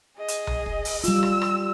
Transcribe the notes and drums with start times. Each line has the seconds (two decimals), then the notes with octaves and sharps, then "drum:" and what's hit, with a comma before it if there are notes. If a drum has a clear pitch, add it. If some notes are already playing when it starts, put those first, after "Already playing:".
0.18 G#4 D#5
0.28 drum: hi-hat
0.47 drum: tom B1
0.66 drum: kick
0.85 drum: open hi-hat
1.04 G3 F4 E6, drum: hi-hat
1.23 drum: rim click
1.41 drum: rim click